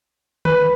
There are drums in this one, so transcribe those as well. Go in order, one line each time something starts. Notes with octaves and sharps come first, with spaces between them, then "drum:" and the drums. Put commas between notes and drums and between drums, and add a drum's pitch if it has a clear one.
B4, drum: tom D3